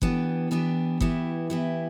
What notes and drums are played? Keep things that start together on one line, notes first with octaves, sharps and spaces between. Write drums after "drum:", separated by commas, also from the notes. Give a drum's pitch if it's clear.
E3 B3 D4 G4, drum: kick G1
E3 B3 D4 G4
E3 B3 E4 G4, drum: kick G1
E3 B3 E4 G4